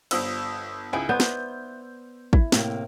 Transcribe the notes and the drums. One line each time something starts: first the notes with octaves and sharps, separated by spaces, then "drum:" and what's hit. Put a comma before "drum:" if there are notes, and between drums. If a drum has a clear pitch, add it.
G1 F3 G3 D#6 E6, drum: cymbal
C#2 D#4 E4 G#5
B3 C5 D5 G6
drum: snare
E4, drum: kick
A2 C3 A#3, drum: snare